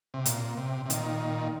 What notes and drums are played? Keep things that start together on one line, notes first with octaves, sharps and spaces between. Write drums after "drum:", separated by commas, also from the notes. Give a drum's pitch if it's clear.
C3
A#2, drum: hi-hat
C3
C3
A#2 D#3, drum: hi-hat